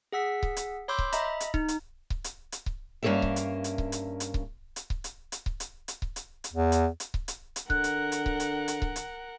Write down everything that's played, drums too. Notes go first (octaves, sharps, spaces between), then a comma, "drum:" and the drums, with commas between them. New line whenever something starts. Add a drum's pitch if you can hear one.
G#4 F#5 E6 B6
drum: kick C#1
drum: hi-hat
C#5 B5 C6 D6 E6 G6
drum: kick C#1
D#5 E5 A#5 B5, drum: hi-hat
drum: hi-hat
D#4, drum: kick C#1
drum: hi-hat
drum: kick C#1
drum: hi-hat
drum: hi-hat
drum: kick C#1
G2 A#3 C#4 A4 A#4 E5
drum: kick C#1
drum: hi-hat
drum: hi-hat
drum: kick C#1
drum: hi-hat
drum: hi-hat
drum: kick C#1
drum: hi-hat
drum: kick C#1
drum: hi-hat
drum: hi-hat
drum: kick C#1
drum: hi-hat
drum: hi-hat
drum: kick C#1
drum: hi-hat
drum: hi-hat
E2
drum: hi-hat
drum: hi-hat
drum: kick C#1
drum: hi-hat
drum: hi-hat
D3 A#4 F#5 F#6, drum: kick C#1
drum: hi-hat
drum: hi-hat
drum: kick C#1
drum: hi-hat
drum: hi-hat
drum: kick C#1
drum: hi-hat